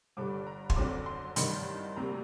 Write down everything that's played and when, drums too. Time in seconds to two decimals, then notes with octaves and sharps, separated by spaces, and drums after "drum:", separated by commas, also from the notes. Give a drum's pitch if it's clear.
0.17 G1 G2 D3 G3 D6
0.47 A#5
0.70 C6, drum: kick
0.76 F#1 F#2 D3 F#3 C4 D6
1.06 C6
1.36 A1 G2 D#3 C6, drum: hi-hat
1.96 D2 C3 G3 A#3 A#5